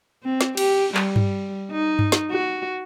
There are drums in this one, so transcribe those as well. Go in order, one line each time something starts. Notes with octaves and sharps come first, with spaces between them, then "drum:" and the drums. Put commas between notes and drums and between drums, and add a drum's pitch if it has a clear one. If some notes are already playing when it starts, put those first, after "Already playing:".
C4
drum: snare
G4, drum: cymbal
G3, drum: clap
drum: tom G2
D#4
drum: tom G2
drum: snare
F#4